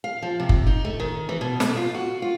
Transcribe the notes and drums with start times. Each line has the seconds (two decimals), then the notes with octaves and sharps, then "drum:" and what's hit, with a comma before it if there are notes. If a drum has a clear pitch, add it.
0.04 F5
0.22 F3
0.40 C3
0.49 drum: kick F#1
0.67 D#4
0.85 A3
1.00 D#3
1.29 E3
1.41 B2
1.60 A3, drum: snare
1.77 F4
1.94 F#4
2.22 F4